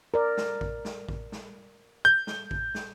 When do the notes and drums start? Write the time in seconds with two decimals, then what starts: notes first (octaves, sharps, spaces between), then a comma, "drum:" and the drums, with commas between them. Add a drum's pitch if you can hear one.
0.14 A#4 D5
0.37 drum: snare
0.61 drum: kick A1
0.85 drum: snare
1.09 drum: kick A1
1.32 drum: snare
2.05 G6
2.27 drum: snare
2.51 drum: kick A1
2.75 drum: snare